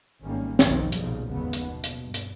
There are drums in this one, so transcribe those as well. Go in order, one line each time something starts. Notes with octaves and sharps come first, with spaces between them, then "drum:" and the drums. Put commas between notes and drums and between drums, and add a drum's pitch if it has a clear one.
G#1 D#3 G3 A#3 C#4
F1 B1 C3 D#3 F#3 C4, drum: snare
B1 F2 A#2 C#3 F3 G3, drum: hi-hat
F#1 D#2 G#2 C#3 B3
drum: hi-hat
B2
drum: hi-hat
G2
drum: hi-hat